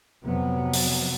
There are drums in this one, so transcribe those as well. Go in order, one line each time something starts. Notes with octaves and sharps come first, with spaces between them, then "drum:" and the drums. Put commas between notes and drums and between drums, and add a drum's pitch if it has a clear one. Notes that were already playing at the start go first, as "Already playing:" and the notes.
F2 C3 F#3 B3
drum: open hi-hat